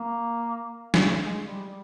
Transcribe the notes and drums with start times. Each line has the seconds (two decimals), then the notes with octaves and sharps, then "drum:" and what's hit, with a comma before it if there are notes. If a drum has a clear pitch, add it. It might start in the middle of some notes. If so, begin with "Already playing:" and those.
Already playing: A#3
0.94 A3, drum: snare
1.19 G#3
1.45 G3